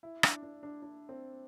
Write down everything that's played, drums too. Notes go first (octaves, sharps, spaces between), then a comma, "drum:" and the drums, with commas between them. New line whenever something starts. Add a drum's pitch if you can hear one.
E4
D4, drum: rim click
D4
D4
D4
C4